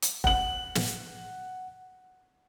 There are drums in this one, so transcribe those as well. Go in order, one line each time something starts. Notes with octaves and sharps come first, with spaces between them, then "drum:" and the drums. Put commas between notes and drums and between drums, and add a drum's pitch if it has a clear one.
drum: hi-hat
F#5 F#7, drum: kick F1
drum: snare